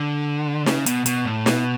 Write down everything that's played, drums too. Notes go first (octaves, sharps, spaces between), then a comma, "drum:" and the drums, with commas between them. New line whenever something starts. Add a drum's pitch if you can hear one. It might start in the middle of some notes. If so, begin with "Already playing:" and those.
Already playing: D3
C#3, drum: snare
B2, drum: hi-hat
B2, drum: hi-hat
A2
B2, drum: snare